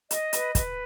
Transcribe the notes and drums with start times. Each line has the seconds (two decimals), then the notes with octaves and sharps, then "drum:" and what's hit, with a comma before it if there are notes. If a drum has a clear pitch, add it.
0.11 D#5, drum: hi-hat
0.33 B4, drum: hi-hat
0.55 B4, drum: kick, hi-hat